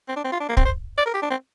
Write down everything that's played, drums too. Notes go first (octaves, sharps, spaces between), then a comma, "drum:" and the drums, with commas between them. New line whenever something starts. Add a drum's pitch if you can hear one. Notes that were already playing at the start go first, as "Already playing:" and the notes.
C4
D4
C4
F4
D4
A#3
C4, drum: kick
C5
D5
A#4
G4
D4
C4